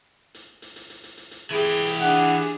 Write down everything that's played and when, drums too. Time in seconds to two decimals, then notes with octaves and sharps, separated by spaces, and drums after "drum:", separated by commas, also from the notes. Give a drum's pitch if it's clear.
0.35 drum: hi-hat
0.62 drum: hi-hat
0.76 drum: hi-hat
0.90 drum: hi-hat
1.04 drum: hi-hat
1.17 drum: hi-hat
1.31 drum: hi-hat
1.51 E3 G4 G#4
1.73 drum: hi-hat
1.87 drum: hi-hat
2.00 D4 G#4 F#5
2.14 drum: hi-hat
2.28 drum: hi-hat
2.42 drum: hi-hat